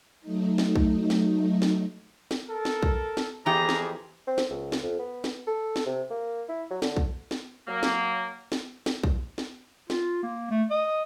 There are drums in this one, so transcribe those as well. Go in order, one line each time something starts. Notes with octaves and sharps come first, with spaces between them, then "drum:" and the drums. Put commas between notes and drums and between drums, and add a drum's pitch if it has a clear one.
F#3 A3 D#4
drum: snare
drum: kick
drum: snare
drum: snare
drum: snare
A4 A#4
drum: snare
drum: kick
drum: snare
F2 E3 B3 G4 G#4 A#5
drum: snare
C4
drum: snare
C#2
drum: snare
F2
B3
drum: snare
A4
drum: snare
C3
A#3
E4
F#3
D3, drum: snare
drum: kick
drum: snare
F#3 A#3
drum: snare
drum: snare
drum: snare
drum: kick
drum: snare
F4, drum: snare
A#3
A3
D#5